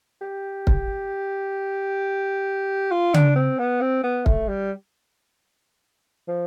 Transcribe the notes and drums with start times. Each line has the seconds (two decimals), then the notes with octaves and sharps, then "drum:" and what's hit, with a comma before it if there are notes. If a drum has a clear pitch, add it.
0.22 G4
0.67 drum: kick
2.91 F4
3.14 D4, drum: tom C#3
3.36 C4
3.59 B3
3.82 C4
4.04 B3
4.26 A3, drum: kick
4.48 G3
6.28 F3